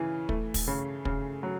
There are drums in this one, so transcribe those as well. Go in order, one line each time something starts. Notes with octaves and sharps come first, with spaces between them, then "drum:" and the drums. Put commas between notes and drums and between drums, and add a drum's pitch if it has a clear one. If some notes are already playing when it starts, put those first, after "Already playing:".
Already playing: C#3 E3
A3, drum: kick
drum: kick, open hi-hat
C#3
C#3, drum: kick
F#3